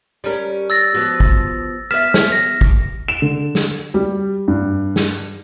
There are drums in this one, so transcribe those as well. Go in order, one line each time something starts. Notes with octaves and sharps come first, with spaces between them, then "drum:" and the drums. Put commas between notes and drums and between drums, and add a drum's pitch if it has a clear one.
G3 C#4 A#4
E6 A6 A#6
F3 B3 F#4
drum: kick
B3 E5 F6 B6 E7
drum: snare
A#6
drum: kick
E7
D3
drum: snare
G3
G2
drum: snare